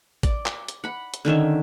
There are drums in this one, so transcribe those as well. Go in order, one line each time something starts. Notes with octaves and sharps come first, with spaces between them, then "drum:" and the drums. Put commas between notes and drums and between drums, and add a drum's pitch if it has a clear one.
D5, drum: kick A1, hi-hat
drum: clap
drum: hi-hat
F#5 B5
drum: hi-hat
D3 D#3 C#4 E5